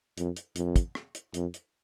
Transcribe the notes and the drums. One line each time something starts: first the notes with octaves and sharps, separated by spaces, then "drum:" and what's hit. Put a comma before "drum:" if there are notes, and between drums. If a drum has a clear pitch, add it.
F2, drum: hi-hat
drum: hi-hat
F2, drum: hi-hat
drum: kick, hi-hat
drum: rim click
drum: hi-hat
F2, drum: hi-hat
drum: hi-hat